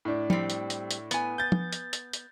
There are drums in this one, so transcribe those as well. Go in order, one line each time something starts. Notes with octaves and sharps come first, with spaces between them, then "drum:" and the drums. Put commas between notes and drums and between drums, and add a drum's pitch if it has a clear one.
A2 D4
G3 C4, drum: tom
drum: hi-hat
drum: hi-hat
drum: hi-hat
B3 G#5, drum: hi-hat
G6 A6
drum: tom
drum: hi-hat
drum: hi-hat
drum: hi-hat